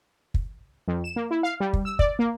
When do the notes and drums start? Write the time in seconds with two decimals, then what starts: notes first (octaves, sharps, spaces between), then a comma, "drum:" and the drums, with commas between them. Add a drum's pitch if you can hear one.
0.34 drum: kick
0.88 F2
1.04 E7
1.16 A#3
1.31 E4
1.43 F5
1.60 G3
1.73 drum: kick
1.85 E6
1.99 D5, drum: kick
2.19 A#3